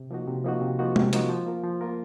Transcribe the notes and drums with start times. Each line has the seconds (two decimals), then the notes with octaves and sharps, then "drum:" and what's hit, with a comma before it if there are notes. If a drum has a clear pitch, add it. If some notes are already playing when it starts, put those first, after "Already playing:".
Already playing: C3
0.11 F3 A#3 D#4 F#4
0.27 C3
0.44 F3 A#3 D#4 F#4
0.61 C3
0.79 F3 A#3 D#4 F#4
0.96 C3, drum: tom G#3
1.13 F3 A#3 D#4 F#4, drum: hi-hat
1.29 F3
1.47 A#3 F4 A#4
1.63 F3
1.81 A#3 F4 A#4